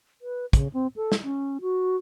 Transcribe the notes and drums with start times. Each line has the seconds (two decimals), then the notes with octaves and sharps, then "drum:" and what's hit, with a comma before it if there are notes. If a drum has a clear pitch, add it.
0.21 B4
0.53 C#3, drum: kick, hi-hat
0.73 C4
0.96 A4
1.12 drum: snare
1.23 C#4
1.61 F#4